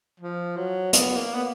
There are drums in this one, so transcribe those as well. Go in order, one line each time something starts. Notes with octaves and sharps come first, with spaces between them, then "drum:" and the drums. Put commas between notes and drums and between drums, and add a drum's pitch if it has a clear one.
F3
F#3
B3, drum: hi-hat
A#3
B3